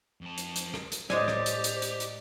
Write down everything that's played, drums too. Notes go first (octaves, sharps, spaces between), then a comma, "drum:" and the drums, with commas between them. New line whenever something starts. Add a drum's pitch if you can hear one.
F2 A5
drum: hi-hat
drum: hi-hat
drum: rim click
drum: hi-hat
A2 G#3 G4 C5 D5 D#5 G#5, drum: rim click
drum: rim click
drum: hi-hat
drum: hi-hat
drum: hi-hat
drum: hi-hat